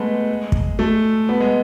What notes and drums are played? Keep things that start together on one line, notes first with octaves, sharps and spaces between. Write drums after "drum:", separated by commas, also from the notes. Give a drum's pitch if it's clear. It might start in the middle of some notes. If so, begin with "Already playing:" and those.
Already playing: G#3 A3 B3
drum: kick
A3
B3
G#3